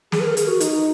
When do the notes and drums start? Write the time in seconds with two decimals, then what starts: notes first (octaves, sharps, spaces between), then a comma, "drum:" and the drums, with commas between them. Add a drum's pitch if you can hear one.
0.12 G#4, drum: snare
0.20 B4
0.25 A#4
0.37 G#4, drum: hi-hat
0.47 F#4
0.60 D#4, drum: hi-hat